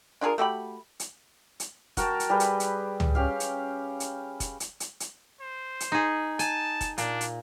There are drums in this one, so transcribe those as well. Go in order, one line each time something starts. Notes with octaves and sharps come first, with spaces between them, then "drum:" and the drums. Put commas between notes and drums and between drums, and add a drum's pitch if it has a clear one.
D4 F4 G#4 A#4
A3 F#4 G4 B5
drum: hi-hat
drum: hi-hat
F#4 A#4 G5 A5, drum: kick F1, hi-hat
drum: hi-hat
G3 G4 G#4 B4
drum: hi-hat
drum: hi-hat
drum: tom C#2
C#4 G4 F5
drum: hi-hat
drum: hi-hat
drum: kick F1, hi-hat
drum: hi-hat
drum: hi-hat
drum: hi-hat
C5
drum: hi-hat
D#4 G#4
G#5 A5, drum: hi-hat
drum: kick F1, hi-hat
A#2 D4, drum: hi-hat
drum: hi-hat